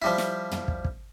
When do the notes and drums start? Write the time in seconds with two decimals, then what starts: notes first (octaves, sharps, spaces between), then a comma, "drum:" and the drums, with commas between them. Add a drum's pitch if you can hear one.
0.02 F3 G3 E4
0.18 drum: snare
0.51 drum: tom
0.68 drum: kick
0.85 drum: kick